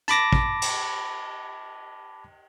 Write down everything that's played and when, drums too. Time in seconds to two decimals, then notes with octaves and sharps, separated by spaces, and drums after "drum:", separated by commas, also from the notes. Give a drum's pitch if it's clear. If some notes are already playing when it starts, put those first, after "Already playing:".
0.08 A5 B5 D6 A#6, drum: hi-hat
0.33 drum: kick
0.62 drum: cymbal